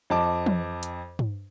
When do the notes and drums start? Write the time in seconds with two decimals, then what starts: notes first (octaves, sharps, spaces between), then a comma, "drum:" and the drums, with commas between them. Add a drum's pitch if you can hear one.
0.10 F2 D#5 A5 D6
0.46 drum: tom
0.83 drum: hi-hat
1.19 drum: tom